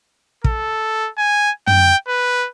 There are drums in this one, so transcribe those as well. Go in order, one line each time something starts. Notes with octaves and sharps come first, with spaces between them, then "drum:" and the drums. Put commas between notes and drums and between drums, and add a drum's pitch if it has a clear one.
A4, drum: kick
G#5
G5, drum: tom
B4